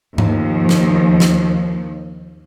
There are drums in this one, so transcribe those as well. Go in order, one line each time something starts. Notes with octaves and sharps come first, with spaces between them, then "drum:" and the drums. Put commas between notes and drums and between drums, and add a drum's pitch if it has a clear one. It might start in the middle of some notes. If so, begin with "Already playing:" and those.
D#2 F3, drum: tom G2
drum: snare
drum: snare